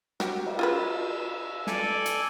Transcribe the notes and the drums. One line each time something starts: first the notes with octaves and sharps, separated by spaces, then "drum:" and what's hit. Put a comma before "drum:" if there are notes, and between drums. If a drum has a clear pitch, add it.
F#4 G4, drum: snare
drum: cymbal
F4 G#4 B4 E6
A4 D5 G#5, drum: snare
drum: hi-hat